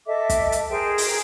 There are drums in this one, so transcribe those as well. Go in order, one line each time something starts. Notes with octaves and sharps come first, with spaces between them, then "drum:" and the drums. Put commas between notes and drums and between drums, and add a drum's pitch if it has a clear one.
A4 D#5 E5 D6
drum: kick, hi-hat
drum: hi-hat
G#4 A#4 C5 G5
drum: open hi-hat